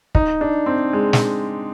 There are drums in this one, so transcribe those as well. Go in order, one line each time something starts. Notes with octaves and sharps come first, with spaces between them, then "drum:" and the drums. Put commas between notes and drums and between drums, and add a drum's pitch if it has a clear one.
D#4, drum: kick
D4
C4
G#3
drum: snare